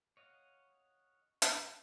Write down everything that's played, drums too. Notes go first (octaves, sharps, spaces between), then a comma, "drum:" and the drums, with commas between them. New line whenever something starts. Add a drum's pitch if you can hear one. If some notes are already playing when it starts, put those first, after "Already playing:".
C#5 D#5 F5 F#5
drum: hi-hat